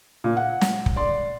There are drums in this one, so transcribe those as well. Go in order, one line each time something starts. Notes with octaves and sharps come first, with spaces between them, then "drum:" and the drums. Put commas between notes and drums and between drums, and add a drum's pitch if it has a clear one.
A#2
F#5
drum: snare
drum: kick
D5 C6